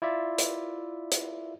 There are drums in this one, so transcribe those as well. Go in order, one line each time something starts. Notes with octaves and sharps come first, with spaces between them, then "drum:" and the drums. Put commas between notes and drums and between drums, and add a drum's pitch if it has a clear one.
E4 F4 D5 E5
drum: hi-hat
drum: hi-hat